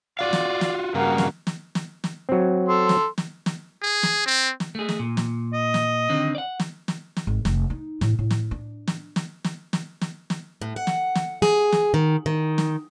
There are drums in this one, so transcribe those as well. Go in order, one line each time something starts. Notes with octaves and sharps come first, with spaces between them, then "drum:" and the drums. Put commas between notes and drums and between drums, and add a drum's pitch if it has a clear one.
F4 F#4 D5 F5
drum: snare
drum: snare
G2 C#3 A#3 F#4
drum: snare
drum: snare
drum: snare
drum: snare
F#3 C4
A4 C6
drum: snare
drum: snare
drum: snare
G#4
drum: snare
C4
drum: snare
A3 G#4
drum: snare
A#2
drum: snare
D#5
drum: snare
D3 D#3 C4
D5 F#5
drum: snare
drum: snare
drum: snare
G#1
F1, drum: snare
D#4
A2, drum: snare
A2
drum: snare
D4
drum: snare
drum: snare
drum: snare
drum: snare
drum: snare
drum: snare
A2
F#5
drum: snare
drum: snare
G#4, drum: snare
drum: snare
D#3
D#3
drum: snare